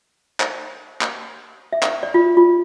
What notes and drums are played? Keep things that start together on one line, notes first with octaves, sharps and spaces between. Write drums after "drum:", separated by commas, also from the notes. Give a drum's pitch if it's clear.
drum: clap
drum: clap
E5
drum: clap
D5
F4
F4